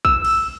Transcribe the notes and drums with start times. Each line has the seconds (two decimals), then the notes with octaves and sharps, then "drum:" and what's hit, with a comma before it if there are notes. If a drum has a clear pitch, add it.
0.05 E6, drum: kick A#1
0.25 drum: cymbal